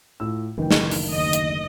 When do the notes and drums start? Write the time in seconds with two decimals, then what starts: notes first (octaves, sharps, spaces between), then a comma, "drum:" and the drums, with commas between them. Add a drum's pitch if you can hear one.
0.20 A2 F4 E6
0.58 F#1 D2 D#3 E3 G5
0.71 drum: snare
0.91 drum: open hi-hat
1.12 D#2 D#5
1.33 drum: hi-hat